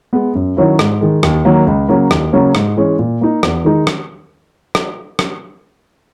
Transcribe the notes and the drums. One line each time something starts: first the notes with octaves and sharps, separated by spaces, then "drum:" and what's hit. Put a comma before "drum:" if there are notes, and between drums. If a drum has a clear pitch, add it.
G#3 B3
F#2
D#3 F#3 C#4 E4
G#2, drum: rim click
D#3 G#3
D#2, drum: rim click
D#3 F#3 A#3
C#2
C#3 F#3 A#3 C#4
D#2, drum: rim click
C#3 F#3 A#3 C#4
G#2, drum: rim click
E3 G#3 C#4
A#2
A#3 D#4
E2, drum: rim click
D#3 G#3 D#4
drum: rim click
drum: rim click
drum: rim click